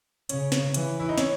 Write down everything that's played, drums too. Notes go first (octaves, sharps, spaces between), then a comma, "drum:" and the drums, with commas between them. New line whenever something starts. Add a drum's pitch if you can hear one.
C#3 C#4, drum: hi-hat
drum: snare
E3, drum: hi-hat
E4
D#4
C#4, drum: snare